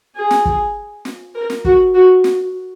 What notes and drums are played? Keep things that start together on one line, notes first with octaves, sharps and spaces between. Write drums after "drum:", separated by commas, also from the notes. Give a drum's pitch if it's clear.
G#4
drum: snare
drum: kick
drum: snare
A#4
drum: snare
F#4, drum: kick
F#4
drum: snare